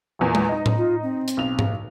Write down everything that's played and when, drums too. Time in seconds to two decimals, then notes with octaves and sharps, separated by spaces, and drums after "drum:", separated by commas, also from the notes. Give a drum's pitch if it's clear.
0.19 A1 E2 A#2
0.35 drum: tom G#3
0.49 D#4 D#5
0.66 drum: tom A2
0.77 F4
1.02 C4
1.28 drum: hi-hat
1.37 B1 F7
1.59 drum: tom G#2